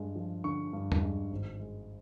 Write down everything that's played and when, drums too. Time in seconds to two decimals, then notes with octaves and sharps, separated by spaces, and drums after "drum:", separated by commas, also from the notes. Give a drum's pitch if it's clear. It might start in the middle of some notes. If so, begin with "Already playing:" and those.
Already playing: G2 G#3
0.16 F3
0.44 D3 C#6
0.73 G2
0.92 drum: tom E2
1.02 G#3
1.31 G#1
1.60 G#3